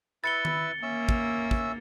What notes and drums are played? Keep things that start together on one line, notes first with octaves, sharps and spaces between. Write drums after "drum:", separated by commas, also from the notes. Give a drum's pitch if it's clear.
E4 B4 E6 A6 C#7 G7
drum: tom D#3
A#3 C#4 E5 E6
drum: kick
drum: kick